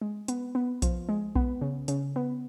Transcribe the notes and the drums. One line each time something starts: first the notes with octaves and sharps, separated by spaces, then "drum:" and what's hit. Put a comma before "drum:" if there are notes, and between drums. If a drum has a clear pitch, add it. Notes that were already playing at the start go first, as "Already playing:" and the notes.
G#3
B3, drum: hi-hat
B3
F3, drum: kick B1, hi-hat
G#3
B3, drum: kick B1
C#3
C#3, drum: hi-hat
B3